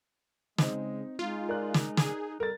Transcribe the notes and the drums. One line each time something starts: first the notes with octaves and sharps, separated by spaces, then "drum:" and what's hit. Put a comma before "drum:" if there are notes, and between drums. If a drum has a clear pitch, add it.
C#3 G#3 C4 D#4, drum: snare
G#3 D#4 F4
A#4 D5 F#6
drum: snare
G#4, drum: snare
G3 A4 A#4 A6